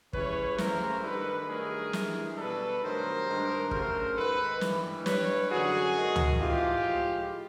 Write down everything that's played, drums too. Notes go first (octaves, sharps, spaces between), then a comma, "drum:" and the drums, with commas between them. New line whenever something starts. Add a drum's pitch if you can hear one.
C#3 E3 G3 B4 C#5, drum: kick
F#2 C#3 E3 A3 A#4 C5, drum: snare
G2 D#3 G3 A4 B4
G2 D#3 F#3 A3 G#4 A#4
G2 E3 G#3, drum: snare
B2 G3 A4 B4
G2 D#3 F#3 A3 A#4 C5
G2 D#3 G#3
C#3 F#3 A3 A#4 C5, drum: kick
G#2 D#3 G#3 A4 B4
G2 E3 G3, drum: snare
G2 E3 G3 B4 C#5, drum: snare
F#2 D3 F#3 F#4 G#4
F#2 D#3 G#3
drum: tom C#2
G#2 E3 G#3 F4 G4
A2 F3 G#3